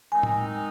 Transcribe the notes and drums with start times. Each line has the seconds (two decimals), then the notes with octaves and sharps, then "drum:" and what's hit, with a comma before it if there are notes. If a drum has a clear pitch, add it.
0.12 D#3 G#3 C4 D#4 G#5
0.23 drum: tom A2